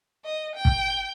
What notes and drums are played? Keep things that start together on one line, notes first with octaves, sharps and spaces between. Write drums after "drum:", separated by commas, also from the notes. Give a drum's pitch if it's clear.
D#5
G5
drum: kick